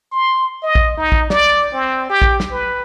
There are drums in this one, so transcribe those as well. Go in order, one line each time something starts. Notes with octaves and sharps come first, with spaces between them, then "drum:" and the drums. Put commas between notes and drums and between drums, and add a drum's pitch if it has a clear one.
C6
D#5
drum: kick
D#4
drum: kick
D5, drum: snare
C4
G4
drum: kick
drum: snare
B4